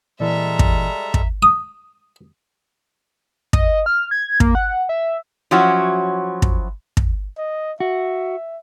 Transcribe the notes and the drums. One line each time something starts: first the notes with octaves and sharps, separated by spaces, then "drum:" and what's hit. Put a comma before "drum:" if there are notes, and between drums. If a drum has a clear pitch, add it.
A#2 E3 G3 G#3 A4 D5 E5 A#5
drum: kick
drum: kick
D#6
D#5, drum: kick
F6
G#6
A#3, drum: kick
F#5
E5
F3 F#3 C#4 E4 F#4
drum: kick
drum: kick
D#5
F#4 E5